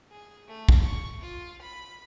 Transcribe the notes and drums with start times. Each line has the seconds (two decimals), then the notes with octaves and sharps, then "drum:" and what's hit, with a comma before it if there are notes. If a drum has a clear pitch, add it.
0.11 G#4
0.48 A3
0.69 drum: kick
0.84 C#6
1.21 F4
1.62 B5